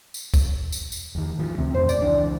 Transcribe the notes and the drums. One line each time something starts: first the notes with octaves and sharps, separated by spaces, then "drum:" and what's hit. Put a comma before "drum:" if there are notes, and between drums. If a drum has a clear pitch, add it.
drum: tambourine
drum: kick, tambourine
drum: tambourine
drum: tambourine
E2 D#3
A1 D#3 F3
D2 C3 C4
A1 F2 A#2 D#3 C5
D5, drum: tambourine
C#2 E3 D4